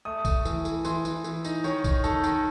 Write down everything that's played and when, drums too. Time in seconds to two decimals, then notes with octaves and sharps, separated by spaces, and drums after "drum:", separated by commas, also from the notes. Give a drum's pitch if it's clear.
0.05 A3 D#6
0.25 A3, drum: kick A#1, tambourine
0.45 E3, drum: tambourine
0.65 E3, drum: tambourine
0.85 E3 C6, drum: tambourine
1.05 E3, drum: tambourine
1.24 E3, drum: tambourine
1.44 D#4, drum: tambourine
1.64 D#3 C#5, drum: tambourine
1.84 D#4, drum: kick A#1, tambourine
2.04 D#4 A4, drum: tambourine
2.24 D#3, drum: tambourine